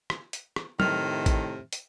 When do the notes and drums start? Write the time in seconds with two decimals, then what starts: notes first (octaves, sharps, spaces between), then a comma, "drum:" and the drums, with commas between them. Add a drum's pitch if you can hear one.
0.10 drum: rim click
0.33 drum: hi-hat
0.56 drum: rim click
0.80 A2 C3 D#3 F6, drum: tom
1.26 drum: kick A1, hi-hat
1.73 drum: hi-hat